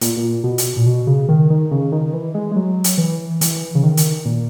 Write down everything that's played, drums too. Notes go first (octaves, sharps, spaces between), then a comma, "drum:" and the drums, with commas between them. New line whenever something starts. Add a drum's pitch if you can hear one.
A#2, drum: hi-hat
A#2
B2
drum: hi-hat
A#2
B2
C#3
D#3
D#3
C#3
D#3
E3
G#3
G#3
F#3
drum: hi-hat
E3
E3, drum: hi-hat
C#3
D#3
drum: hi-hat
A#2